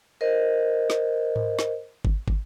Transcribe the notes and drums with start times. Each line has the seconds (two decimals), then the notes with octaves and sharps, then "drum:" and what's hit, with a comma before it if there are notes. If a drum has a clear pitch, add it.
0.21 A#4 C5 D#5
0.90 drum: snare
1.36 drum: tom G#2
1.59 drum: snare
2.05 drum: kick
2.28 drum: kick